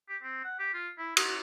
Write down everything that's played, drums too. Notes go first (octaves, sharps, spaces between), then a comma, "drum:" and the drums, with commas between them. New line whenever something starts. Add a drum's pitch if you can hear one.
G4
C4
F#5
G4
F4
E4
F#4, drum: cymbal